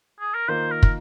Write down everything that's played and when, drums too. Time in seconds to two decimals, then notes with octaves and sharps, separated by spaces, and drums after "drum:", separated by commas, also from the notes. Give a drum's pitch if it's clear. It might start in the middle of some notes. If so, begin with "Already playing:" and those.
0.20 G#4
0.35 A#4
0.48 D#3 A#3 F4 C5
0.71 A#4
0.83 drum: kick